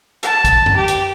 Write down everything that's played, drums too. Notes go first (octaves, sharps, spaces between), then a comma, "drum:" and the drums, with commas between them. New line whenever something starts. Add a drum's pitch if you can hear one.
A5, drum: hi-hat
drum: kick, hi-hat
drum: tom F#2
G4
drum: hi-hat